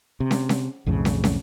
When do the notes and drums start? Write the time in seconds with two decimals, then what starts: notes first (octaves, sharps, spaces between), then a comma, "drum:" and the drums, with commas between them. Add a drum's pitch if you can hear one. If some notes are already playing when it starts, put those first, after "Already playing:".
0.20 C3
0.31 drum: snare
0.49 drum: snare
0.86 B1 F2 A2 C#3
1.05 drum: snare
1.24 drum: snare